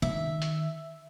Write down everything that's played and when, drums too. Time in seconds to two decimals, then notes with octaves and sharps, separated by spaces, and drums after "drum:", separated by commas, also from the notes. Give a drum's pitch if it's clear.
0.02 D#3 E5, drum: tom
0.42 drum: hi-hat